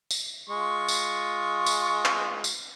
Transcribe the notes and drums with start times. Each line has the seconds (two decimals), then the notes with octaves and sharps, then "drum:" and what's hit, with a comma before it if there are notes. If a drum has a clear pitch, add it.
0.11 drum: tambourine
0.50 G#3 F4 C#6
0.88 drum: tambourine
1.66 drum: tambourine
2.05 drum: clap
2.44 drum: tambourine